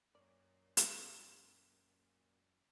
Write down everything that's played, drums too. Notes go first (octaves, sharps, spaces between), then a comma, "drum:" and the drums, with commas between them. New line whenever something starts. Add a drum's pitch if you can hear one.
F#2 A#2 C#5 D5
drum: hi-hat